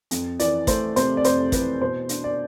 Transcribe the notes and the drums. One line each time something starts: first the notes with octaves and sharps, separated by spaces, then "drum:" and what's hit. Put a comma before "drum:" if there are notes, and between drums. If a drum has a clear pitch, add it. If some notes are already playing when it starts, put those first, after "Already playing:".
F2, drum: hi-hat
E3 D5, drum: hi-hat
A3 C5, drum: kick, hi-hat
C3 C5, drum: hi-hat
D5
F2 C5, drum: hi-hat
E3 B4, drum: kick, hi-hat
B2 C5
D4, drum: hi-hat
D5